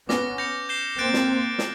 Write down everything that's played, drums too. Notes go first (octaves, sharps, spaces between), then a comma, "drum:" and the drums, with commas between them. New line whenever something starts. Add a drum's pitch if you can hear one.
B3 C#4 D6 F6 A#6, drum: snare
G6 A#6 C#7 F7
G6 C7 E7 G7
A#3 C4 F#6 A6 D7
drum: snare
drum: snare